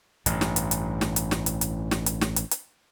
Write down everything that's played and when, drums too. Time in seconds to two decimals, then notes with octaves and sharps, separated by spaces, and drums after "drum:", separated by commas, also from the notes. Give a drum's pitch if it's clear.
0.26 A1 G2, drum: hi-hat
0.41 drum: snare
0.56 drum: hi-hat
0.71 drum: hi-hat
1.01 drum: snare
1.16 drum: hi-hat
1.31 drum: snare
1.46 drum: hi-hat
1.61 drum: hi-hat
1.91 drum: snare
2.06 drum: hi-hat
2.21 drum: snare
2.36 drum: hi-hat
2.51 drum: hi-hat